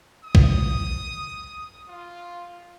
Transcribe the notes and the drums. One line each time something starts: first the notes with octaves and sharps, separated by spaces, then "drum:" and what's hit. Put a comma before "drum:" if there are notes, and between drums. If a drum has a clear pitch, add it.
D#6
drum: kick
F4